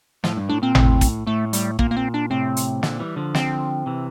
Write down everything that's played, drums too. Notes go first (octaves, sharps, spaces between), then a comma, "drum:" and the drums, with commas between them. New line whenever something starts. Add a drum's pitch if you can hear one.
A2 F3, drum: snare
G2
A2 D4
A#2 C4
A2, drum: tom G#1
drum: kick, hi-hat
A2 A3
G3, drum: hi-hat
A#2 A#3, drum: kick
A#3
C4
D4
A2 C3 C4
drum: hi-hat
A#2 D3, drum: snare
E3 G3
D3 F3
C4, drum: snare
C3 E3